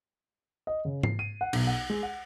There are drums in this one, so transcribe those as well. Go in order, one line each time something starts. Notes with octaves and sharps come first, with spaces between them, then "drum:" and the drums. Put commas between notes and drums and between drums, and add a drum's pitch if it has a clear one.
D#5
C#3
C7, drum: tom G#2
D#7
F#5
B1, drum: cymbal
F#5
G#3
F#5